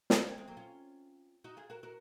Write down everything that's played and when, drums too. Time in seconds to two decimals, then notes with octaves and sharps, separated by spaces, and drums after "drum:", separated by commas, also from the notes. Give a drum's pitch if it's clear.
0.10 drum: snare
0.19 C4
0.28 A#3 C#4
0.38 G#3 C4
0.48 F#3 A#3
0.57 C#4 F4
1.44 D#4 F#4
1.57 F4 G#4
1.70 F#4 A#4
1.83 F#4 A#4